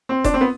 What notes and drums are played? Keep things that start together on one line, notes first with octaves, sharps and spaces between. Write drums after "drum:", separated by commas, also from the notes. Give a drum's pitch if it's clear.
C4
D4, drum: kick F1, hi-hat
C4
B3